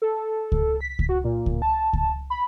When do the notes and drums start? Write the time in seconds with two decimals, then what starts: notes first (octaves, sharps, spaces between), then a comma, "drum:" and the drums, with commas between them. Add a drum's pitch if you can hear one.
0.02 A4
0.52 drum: kick C#2
0.81 B6
0.99 drum: kick C#2
1.09 F#4
1.24 A#2
1.46 drum: kick C#2
1.62 A5
1.93 drum: kick C#2
2.30 B5